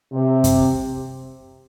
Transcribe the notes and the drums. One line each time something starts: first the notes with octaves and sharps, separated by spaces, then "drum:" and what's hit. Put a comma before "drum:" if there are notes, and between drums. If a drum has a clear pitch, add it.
C3
drum: kick F#2, hi-hat